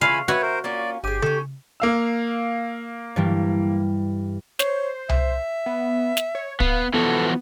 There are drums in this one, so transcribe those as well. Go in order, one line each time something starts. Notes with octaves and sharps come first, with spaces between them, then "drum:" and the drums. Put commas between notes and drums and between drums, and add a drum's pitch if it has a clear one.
C#3 E3 A3 F4 F5 G#5 B5
F#4 B4 C#5 E5
A#4 C5
A#3 C#4 F4 D5
G1 G4 G#4 G#5 D6
C#4 D#4 A4, drum: tom C#3
A#3 F5 E6
G2 E3 G3
C5 C#5, drum: snare
E5, drum: tom C2
B3
drum: snare
C#5
B3 F5, drum: kick
E3 F3 B3 F#4 A4